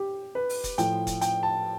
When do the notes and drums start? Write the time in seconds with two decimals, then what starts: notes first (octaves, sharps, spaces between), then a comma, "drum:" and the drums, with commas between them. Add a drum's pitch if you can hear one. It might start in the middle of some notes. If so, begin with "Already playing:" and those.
Already playing: G4
0.35 B4
0.49 drum: open hi-hat
0.64 drum: kick F1, hi-hat
0.78 A2 F3 G5, drum: hi-hat
1.07 drum: kick F1, hi-hat
1.21 G5, drum: hi-hat
1.43 A5